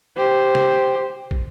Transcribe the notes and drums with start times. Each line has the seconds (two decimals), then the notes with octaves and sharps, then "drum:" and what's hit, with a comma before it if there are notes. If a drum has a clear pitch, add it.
0.17 G4 C5
0.55 drum: snare
1.31 drum: kick